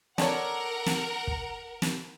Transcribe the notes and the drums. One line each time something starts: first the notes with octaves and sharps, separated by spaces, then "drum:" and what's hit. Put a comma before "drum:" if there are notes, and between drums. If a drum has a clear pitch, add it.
D4 A4 A#4 C#5 F#5, drum: snare
drum: snare
drum: kick
drum: snare